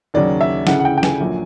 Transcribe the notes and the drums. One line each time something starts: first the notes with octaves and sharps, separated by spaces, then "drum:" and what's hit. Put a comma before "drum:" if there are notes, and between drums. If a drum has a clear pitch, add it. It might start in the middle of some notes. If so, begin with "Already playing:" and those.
D#2 C#3 F#3 D5
E5
D2 C#3 E3 F#5, drum: snare
F#5
G5
G5
G#5, drum: snare
A#1 A#2 F#3